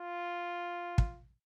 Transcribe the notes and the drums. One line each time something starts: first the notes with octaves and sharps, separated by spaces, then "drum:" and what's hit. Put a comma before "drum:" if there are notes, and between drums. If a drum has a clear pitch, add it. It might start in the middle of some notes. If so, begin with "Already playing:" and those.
Already playing: F4
drum: kick